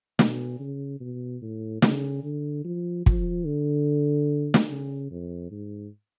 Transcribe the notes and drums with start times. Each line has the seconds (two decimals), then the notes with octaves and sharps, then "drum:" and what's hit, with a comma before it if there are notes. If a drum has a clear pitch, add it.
0.19 B2, drum: snare
0.60 C#3
1.00 B2
1.42 A2
1.82 C#3, drum: snare
2.23 D3
2.65 F3
3.06 F3, drum: kick
3.46 D3
4.54 drum: snare
4.70 C#3
5.11 F2
5.51 G#2